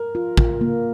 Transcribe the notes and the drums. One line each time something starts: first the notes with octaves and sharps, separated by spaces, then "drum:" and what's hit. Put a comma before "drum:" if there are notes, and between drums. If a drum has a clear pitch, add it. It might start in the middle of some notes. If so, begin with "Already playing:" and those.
Already playing: A#4
F4
F4, drum: kick
A#3